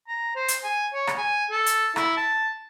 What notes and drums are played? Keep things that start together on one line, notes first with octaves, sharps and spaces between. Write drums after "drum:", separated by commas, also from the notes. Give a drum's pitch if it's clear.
A#5
C5
drum: hi-hat
G#5
C#5
drum: rim click
G#5
A4
drum: hi-hat
E4, drum: rim click
A5